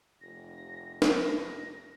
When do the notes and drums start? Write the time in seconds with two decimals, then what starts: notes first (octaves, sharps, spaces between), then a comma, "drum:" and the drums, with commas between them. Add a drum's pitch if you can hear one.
0.21 F1 A#6
1.02 drum: snare
1.15 A#6